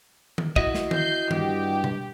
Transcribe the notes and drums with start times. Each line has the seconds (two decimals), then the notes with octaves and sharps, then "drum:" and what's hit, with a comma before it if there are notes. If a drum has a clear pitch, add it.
0.38 drum: tom D#3
0.56 E4 F#4 D#5, drum: kick
0.75 drum: snare
0.91 G6 C7, drum: tom D#3
1.31 G2 G4, drum: tom D#3
1.84 drum: tom B2